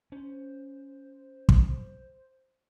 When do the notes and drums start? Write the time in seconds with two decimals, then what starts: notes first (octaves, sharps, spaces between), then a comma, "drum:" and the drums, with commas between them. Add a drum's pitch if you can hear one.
0.12 C#4 C5
1.49 drum: kick